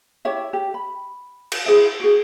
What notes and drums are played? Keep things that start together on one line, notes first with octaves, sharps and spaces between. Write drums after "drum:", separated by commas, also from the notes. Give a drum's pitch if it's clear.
E4 G4 C#5 E5
G4
B5
drum: cymbal
E4 G#4 C5 E5
F#4 G#4